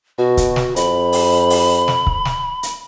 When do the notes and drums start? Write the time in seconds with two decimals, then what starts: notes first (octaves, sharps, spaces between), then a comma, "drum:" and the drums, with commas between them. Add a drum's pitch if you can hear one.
0.18 B2 F#4
0.37 drum: kick C#1, hi-hat
0.56 drum: snare
0.76 F2 B5, drum: hi-hat
1.13 drum: open hi-hat
1.50 drum: open hi-hat
1.88 drum: snare
2.07 drum: kick C#1
2.25 drum: snare
2.63 drum: hi-hat